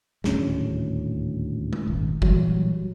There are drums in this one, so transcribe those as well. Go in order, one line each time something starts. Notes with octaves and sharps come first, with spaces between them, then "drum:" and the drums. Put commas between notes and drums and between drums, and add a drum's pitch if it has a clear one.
D#1 D2 A2 C#4, drum: snare
drum: tom G#3
D#1 G#1
A#2 E3 F#3 G3, drum: kick